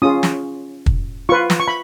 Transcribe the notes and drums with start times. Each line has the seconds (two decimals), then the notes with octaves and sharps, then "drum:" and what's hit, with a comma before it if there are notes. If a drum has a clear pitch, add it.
0.02 C#4 F4 G#4 D#6
0.23 drum: snare
0.86 drum: kick
1.29 F4 B4 C#6
1.50 drum: snare
1.60 C#6
1.68 B5